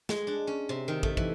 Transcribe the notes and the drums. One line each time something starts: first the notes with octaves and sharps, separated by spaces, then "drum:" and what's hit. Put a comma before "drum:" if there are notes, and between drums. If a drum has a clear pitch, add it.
G#3, drum: snare
D4
C#4
C3
D#3
A3, drum: kick
E3, drum: kick